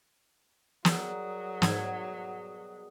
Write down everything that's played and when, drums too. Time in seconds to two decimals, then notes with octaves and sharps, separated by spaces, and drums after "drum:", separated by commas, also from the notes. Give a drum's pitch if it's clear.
0.85 F#3 G3 G#4 A#4, drum: snare
1.62 G#2 B2 G#6, drum: snare